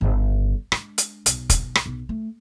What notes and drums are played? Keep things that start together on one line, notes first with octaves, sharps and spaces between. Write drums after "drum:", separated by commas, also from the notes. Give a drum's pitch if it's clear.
G1 C#3
G#3 D4, drum: rim click
drum: hi-hat
B1, drum: hi-hat
drum: kick, hi-hat
drum: rim click
B1
A3